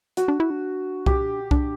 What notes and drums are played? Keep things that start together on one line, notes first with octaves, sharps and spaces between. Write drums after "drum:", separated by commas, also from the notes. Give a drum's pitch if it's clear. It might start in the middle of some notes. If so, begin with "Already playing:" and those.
F#4, drum: hi-hat
D4
E4
D4
G4, drum: kick C2
D4, drum: kick C2